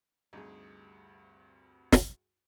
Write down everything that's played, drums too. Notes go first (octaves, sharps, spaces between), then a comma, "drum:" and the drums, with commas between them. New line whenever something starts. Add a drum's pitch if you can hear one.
D2 G2 C3 D#4 G#4
drum: snare